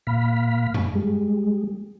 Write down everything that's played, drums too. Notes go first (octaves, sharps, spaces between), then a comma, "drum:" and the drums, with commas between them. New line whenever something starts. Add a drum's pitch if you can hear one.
A#2 F5 B5
drum: tom F2
G3 G#3